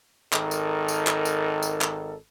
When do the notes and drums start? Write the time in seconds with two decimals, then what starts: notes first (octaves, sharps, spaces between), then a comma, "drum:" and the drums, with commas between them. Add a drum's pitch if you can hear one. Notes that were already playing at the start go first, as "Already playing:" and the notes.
0.33 G#1 D#3 A4 A#4, drum: clap
0.51 drum: tambourine
0.88 drum: tambourine
1.07 drum: clap
1.25 drum: tambourine
1.63 drum: tambourine
1.81 drum: clap